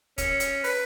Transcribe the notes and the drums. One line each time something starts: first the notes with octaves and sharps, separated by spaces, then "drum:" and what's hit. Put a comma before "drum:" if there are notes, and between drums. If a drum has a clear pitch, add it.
C#4, drum: kick, hi-hat
drum: hi-hat
B4, drum: open hi-hat